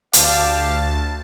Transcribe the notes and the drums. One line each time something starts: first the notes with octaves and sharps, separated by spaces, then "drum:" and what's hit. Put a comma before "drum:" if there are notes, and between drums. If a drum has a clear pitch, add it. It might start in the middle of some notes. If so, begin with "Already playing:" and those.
D2 G4 D5 F5 A5, drum: hi-hat